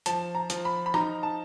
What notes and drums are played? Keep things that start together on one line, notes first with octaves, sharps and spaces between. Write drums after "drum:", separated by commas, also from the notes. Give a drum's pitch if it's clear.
F3 A5, drum: hi-hat
A#5
F3, drum: hi-hat
B5
B5
D#4 A#5, drum: rim click
A5